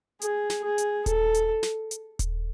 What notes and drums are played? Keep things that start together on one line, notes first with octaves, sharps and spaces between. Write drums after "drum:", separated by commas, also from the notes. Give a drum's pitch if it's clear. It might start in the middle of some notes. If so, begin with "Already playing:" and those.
G#4, drum: hi-hat
drum: snare
G#4
drum: hi-hat
A4, drum: kick D#1, hi-hat
drum: hi-hat
drum: snare
drum: hi-hat
drum: kick D#1, hi-hat